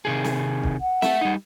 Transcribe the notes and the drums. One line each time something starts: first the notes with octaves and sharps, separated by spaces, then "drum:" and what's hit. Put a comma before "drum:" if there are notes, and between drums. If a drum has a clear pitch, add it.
C3 D#3 G#4
drum: snare
drum: kick
F#5
A3 E5, drum: snare
G3 D#4